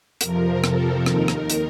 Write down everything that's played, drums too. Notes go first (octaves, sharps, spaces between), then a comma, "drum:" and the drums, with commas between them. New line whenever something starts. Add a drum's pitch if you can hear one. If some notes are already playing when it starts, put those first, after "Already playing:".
F2 C3 F3 A#4, drum: hi-hat
A4, drum: rim click
D#2 D#3 A#4, drum: rim click
drum: rim click
drum: hi-hat